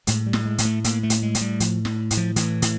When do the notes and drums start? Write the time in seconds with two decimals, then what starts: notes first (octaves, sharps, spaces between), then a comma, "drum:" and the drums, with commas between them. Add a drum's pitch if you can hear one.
0.07 A2 G#3, drum: hi-hat
0.26 G3
0.33 A2, drum: snare
0.45 G#3
0.58 A2, drum: hi-hat
0.65 A3
0.84 A2 A#3, drum: hi-hat
1.03 A3
1.10 A2, drum: hi-hat
1.22 G#3
1.35 A2, drum: hi-hat
1.41 G3
1.60 A2 F3, drum: hi-hat
1.85 A2, drum: snare
2.11 A2, drum: hi-hat
2.17 F3
2.36 A2 E3, drum: hi-hat
2.62 A2, drum: hi-hat